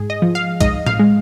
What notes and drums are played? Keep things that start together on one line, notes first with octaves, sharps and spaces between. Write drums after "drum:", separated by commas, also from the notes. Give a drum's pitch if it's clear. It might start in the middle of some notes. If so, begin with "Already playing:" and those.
Already playing: G#2 G#4
D#5
F3
F5
G#2 D#5, drum: kick C2, hi-hat
F5, drum: tom A2
G#3